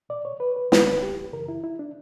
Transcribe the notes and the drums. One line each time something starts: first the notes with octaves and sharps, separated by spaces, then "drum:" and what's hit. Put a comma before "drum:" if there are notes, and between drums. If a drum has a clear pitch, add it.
A#2 D5
C#5
B4
B4
G2 D3 B4, drum: snare
B4
G4
F#2 C#3 E3 A#4
E4
E4
D4